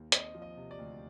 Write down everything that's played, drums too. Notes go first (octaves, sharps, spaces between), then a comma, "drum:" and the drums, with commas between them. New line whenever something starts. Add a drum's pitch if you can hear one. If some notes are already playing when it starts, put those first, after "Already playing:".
Already playing: D#2
C4 D#5, drum: hi-hat
F3
D#5
C3
D5
D2